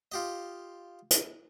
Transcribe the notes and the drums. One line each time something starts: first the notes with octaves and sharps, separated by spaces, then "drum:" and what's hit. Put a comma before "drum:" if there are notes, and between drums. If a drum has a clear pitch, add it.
F4 G4 D#5
drum: hi-hat